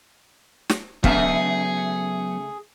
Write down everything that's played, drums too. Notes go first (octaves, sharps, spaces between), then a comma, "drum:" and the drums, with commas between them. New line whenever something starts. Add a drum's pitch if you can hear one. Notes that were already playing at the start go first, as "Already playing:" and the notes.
drum: snare
C#3 F#3 A3 B3 G#4 E5 F5, drum: kick